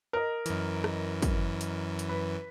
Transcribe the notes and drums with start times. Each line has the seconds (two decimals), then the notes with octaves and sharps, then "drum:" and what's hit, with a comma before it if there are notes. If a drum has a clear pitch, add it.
0.13 A#4 D#5
0.46 F#2 E3, drum: hi-hat
0.84 drum: rim click
1.22 drum: kick, hi-hat
1.61 drum: hi-hat
1.99 drum: hi-hat
2.09 B4